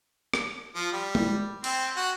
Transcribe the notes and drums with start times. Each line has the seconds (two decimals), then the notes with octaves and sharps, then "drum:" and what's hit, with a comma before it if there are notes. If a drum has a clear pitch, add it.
0.34 drum: rim click
0.75 F3
0.93 G3
1.15 drum: tom G#3
1.64 C4, drum: cymbal
1.96 F#4